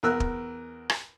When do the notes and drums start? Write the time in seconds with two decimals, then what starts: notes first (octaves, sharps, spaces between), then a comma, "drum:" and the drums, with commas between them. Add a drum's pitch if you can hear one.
0.03 E2 A#4 E6 F#6
0.20 drum: kick
0.90 drum: rim click